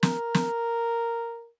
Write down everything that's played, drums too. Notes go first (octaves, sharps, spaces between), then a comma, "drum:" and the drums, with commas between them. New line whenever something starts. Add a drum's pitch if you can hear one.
A#4, drum: snare
drum: snare